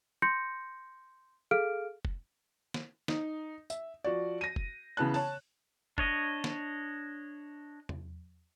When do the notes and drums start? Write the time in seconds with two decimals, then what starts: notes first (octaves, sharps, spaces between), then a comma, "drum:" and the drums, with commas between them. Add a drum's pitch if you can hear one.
0.22 C6 G6 A#6 C#7
1.51 G#4 A4 F5 F6 D7
2.05 drum: kick F1
2.74 drum: snare
3.08 D#4, drum: snare
3.70 E5, drum: tambourine
4.04 F3 F#4 D5
4.41 A#6 D#7
4.56 drum: kick F1
4.97 C#3 E3 B3 A5 F#6
5.14 C#5 A5, drum: open hi-hat
5.98 D4 C#5 D#5, drum: kick F1
6.44 drum: snare
7.89 drum: tom E2